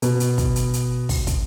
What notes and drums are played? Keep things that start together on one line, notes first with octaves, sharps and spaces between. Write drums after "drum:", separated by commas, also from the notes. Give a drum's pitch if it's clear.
B2, drum: hi-hat
drum: hi-hat
drum: kick, hi-hat
drum: hi-hat
drum: hi-hat
drum: kick, open hi-hat
drum: kick, hi-hat